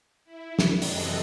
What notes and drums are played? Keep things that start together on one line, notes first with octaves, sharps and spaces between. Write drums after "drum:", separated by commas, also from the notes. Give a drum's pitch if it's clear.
E4
drum: snare
F#2 C3 E3 A4 D#5 F#6, drum: open hi-hat